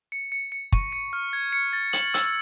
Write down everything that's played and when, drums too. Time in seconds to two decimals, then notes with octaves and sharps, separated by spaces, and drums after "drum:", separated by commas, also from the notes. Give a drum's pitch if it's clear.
0.12 C#7
0.32 C#7
0.52 C#7
0.72 C#6, drum: kick
0.92 C#7
1.13 F6
1.33 G#6
1.53 C#7
1.73 A6
1.93 F#7, drum: hi-hat
2.14 E6, drum: hi-hat